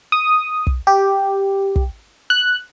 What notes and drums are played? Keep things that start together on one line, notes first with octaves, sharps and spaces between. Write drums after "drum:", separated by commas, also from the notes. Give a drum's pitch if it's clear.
D#6
drum: kick
G4
drum: kick
F#6